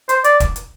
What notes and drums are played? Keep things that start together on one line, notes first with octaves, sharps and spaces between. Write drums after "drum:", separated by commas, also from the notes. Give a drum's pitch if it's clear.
C5, drum: hi-hat
D5, drum: hi-hat
drum: kick, hi-hat
drum: hi-hat